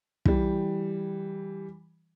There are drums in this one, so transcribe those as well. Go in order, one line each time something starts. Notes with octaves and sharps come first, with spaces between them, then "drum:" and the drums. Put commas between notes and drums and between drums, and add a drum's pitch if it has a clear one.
E3 G3, drum: kick